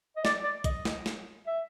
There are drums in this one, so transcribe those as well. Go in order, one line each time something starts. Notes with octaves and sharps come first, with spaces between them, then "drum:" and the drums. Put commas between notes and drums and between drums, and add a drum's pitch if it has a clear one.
D#5
D5, drum: snare
D5
D#5, drum: kick, hi-hat
drum: snare
drum: snare
E5